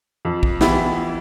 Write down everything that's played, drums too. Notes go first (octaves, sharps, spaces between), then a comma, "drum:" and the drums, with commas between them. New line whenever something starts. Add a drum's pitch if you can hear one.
F2
drum: kick
E3 B3 E4 G4, drum: snare